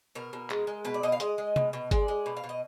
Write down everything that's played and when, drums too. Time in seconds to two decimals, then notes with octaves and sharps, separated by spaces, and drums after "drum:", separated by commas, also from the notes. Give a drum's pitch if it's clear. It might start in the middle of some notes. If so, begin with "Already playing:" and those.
0.15 B2 A#4
0.33 B2
0.50 G#3, drum: clap
0.67 G#3
0.85 B2 B4
0.94 D5
1.03 B2 D#5
1.12 F5
1.20 G#3 D#5, drum: hi-hat
1.38 G#3
1.56 B2, drum: tom C3
1.73 B2
1.91 G#3 D5, drum: kick G1, hi-hat
2.08 G#3
2.26 B2
2.37 F5
2.44 B2
2.49 D#5